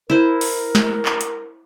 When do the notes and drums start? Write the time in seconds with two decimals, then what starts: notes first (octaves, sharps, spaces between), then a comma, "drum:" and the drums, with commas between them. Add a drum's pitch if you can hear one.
0.10 E4 A#4 C5
0.41 drum: open hi-hat
0.75 drum: snare
1.05 drum: clap
1.21 drum: hi-hat